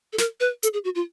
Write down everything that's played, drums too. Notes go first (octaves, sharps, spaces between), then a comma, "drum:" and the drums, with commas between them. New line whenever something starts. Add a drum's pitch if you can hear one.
A4
A#4, drum: snare
B4
A4, drum: hi-hat
G#4
F#4
F4